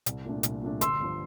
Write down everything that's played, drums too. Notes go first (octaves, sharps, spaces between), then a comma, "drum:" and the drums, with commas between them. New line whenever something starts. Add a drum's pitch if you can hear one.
C2, drum: hi-hat
A#2 A3 D4
C2, drum: hi-hat
A#2 A3 D4
G1 C6 E6, drum: hi-hat
G2 F3